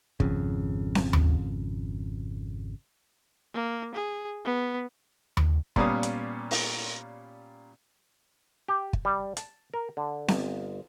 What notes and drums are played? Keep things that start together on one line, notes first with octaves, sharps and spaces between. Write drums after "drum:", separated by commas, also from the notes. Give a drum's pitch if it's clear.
G#1 F2 C#3, drum: kick
drum: snare C4
drum: tom D#2
A#3
G#4
B3
drum: tom D#2
A#2 G3 B3 C#4 F5 D#6, drum: kick
drum: hi-hat
drum: open hi-hat
G4
drum: kick
G3
A5, drum: hi-hat
A#4
D3
G1, drum: snare C4